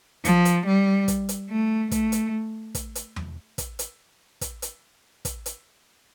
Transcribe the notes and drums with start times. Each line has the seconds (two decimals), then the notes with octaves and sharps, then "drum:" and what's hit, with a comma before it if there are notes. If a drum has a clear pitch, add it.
0.25 F3, drum: kick, hi-hat
0.45 drum: hi-hat
0.66 G3
1.08 drum: kick, hi-hat
1.29 drum: hi-hat
1.50 A3
1.91 A3, drum: kick, hi-hat
2.12 drum: hi-hat
2.75 drum: kick, hi-hat
2.95 drum: hi-hat
3.16 drum: tom E2
3.58 drum: kick, hi-hat
3.79 drum: hi-hat
4.41 drum: kick, hi-hat
4.62 drum: hi-hat
5.25 drum: kick, hi-hat
5.46 drum: hi-hat